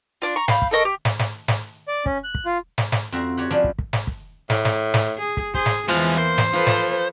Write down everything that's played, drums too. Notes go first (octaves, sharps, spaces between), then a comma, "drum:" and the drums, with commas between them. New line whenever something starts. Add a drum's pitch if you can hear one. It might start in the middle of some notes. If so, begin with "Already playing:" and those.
D4 F4
A#5 C#6
F5 B5 G6, drum: snare
drum: kick
A4 A#4 D#5 C#6
G4
drum: snare
drum: snare
drum: snare
D5
C#4, drum: kick
F#6
drum: kick
F4
drum: snare
drum: snare
F2 C4 F#4 E5
F#4 G4 C#5
F3 C#4 D4 E4
drum: kick
drum: kick
drum: snare
drum: kick
A2, drum: snare
drum: snare
drum: snare
G#4
drum: kick
G#4 C5, drum: kick
drum: snare
E2 E3 F3 G#3 F5
A#3 C5
drum: snare
F3 A4 B4
drum: snare